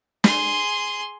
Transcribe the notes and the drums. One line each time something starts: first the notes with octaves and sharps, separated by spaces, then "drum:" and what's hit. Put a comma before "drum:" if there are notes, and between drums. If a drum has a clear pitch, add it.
G#4 C6, drum: snare